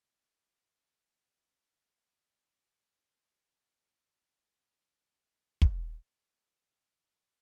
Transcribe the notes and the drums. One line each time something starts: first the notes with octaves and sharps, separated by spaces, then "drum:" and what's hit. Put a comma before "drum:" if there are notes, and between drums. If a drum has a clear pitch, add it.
A#2
F2
F#6
F#5
A6
F2
G#2
F5
F#5
C#6 G#6
drum: kick
D#5